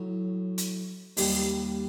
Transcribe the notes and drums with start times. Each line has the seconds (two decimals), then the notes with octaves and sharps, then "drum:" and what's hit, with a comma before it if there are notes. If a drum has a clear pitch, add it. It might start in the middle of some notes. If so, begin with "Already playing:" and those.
Already playing: A2 F#3
0.58 drum: hi-hat
1.17 D#2 D#3 G3, drum: open hi-hat